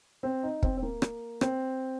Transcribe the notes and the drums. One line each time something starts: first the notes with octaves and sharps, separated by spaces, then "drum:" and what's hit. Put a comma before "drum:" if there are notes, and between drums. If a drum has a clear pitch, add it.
C4
D#4
C4, drum: kick
C4
A#3
drum: rim click
C4, drum: rim click